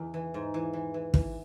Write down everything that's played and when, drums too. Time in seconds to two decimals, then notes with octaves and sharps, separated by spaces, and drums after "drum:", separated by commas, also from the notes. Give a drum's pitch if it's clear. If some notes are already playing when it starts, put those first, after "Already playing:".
Already playing: E2 C#3
0.14 E3
0.34 G#2
0.54 E3
0.73 E3
0.94 E3
1.14 E3, drum: kick